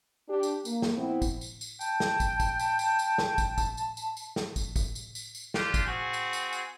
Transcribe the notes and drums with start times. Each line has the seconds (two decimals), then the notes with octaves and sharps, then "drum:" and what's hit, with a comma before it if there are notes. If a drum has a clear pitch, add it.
0.29 D4 G4
0.43 drum: tambourine
0.65 A#3, drum: tambourine
0.82 drum: snare
0.97 B3 C4 E4
1.22 drum: kick, tambourine
1.41 drum: tambourine
1.61 drum: tambourine
1.80 G5 A5, drum: tambourine
2.00 drum: snare
2.20 drum: kick, tambourine
2.40 drum: kick, tambourine
2.59 drum: tambourine
2.79 drum: tambourine
2.99 drum: tambourine
3.18 drum: snare
3.38 drum: kick, tambourine
3.58 drum: kick, tambourine
3.77 drum: tambourine
3.97 drum: tambourine
4.17 drum: tambourine
4.36 drum: snare
4.56 drum: kick, tambourine
4.76 drum: kick, tambourine
4.95 drum: tambourine
5.15 drum: tambourine
5.35 drum: tambourine
5.54 D4 F4 G4, drum: snare
5.74 drum: kick, tambourine
5.87 C4 F#4 G#4
6.13 drum: tambourine
6.33 drum: tambourine
6.53 drum: tambourine